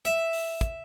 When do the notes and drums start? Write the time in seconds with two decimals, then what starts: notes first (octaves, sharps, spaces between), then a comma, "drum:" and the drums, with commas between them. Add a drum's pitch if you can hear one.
0.05 E5, drum: hi-hat
0.33 drum: open hi-hat
0.61 drum: kick, hi-hat